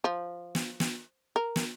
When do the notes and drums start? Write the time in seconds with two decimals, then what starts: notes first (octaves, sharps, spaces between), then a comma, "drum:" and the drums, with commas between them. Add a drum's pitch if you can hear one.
0.04 F3
0.55 drum: snare
0.80 drum: snare
1.36 A#4
1.56 drum: snare